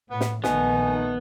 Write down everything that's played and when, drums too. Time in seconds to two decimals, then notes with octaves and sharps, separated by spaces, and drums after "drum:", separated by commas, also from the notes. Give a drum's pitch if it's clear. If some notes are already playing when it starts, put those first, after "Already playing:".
0.10 A2 B3
0.21 drum: snare
0.44 A#1 D#3 A3 B3 D#4 G#5, drum: snare